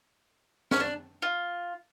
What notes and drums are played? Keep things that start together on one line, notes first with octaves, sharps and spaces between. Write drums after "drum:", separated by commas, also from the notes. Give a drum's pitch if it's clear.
C#4, drum: snare
D4
F4